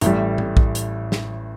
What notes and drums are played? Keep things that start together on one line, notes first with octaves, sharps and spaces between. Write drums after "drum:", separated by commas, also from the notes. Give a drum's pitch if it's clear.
A1 A2 G3, drum: hi-hat
drum: tom A2
drum: kick
drum: hi-hat
drum: snare